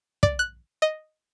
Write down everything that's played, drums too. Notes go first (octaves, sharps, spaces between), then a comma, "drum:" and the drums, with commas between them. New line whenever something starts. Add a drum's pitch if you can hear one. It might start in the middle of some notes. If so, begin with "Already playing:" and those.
D5, drum: kick
F#6
D#5